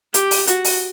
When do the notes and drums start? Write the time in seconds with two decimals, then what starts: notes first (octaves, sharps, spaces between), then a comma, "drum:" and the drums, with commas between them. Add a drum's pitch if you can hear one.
0.14 G4, drum: hi-hat
0.31 drum: open hi-hat
0.47 F#4, drum: hi-hat
0.64 drum: open hi-hat